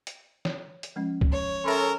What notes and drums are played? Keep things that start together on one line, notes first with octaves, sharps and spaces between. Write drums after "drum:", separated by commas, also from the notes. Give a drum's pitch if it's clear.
drum: hi-hat
C#5, drum: snare
drum: hi-hat
F3 G#3 C#4
drum: kick
C#5
C#4 A4 A#4 E5 B5 C6